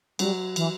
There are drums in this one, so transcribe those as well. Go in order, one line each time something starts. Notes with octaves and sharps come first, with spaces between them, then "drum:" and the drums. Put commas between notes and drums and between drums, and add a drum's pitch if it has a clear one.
F#3 G3, drum: cymbal
E3, drum: cymbal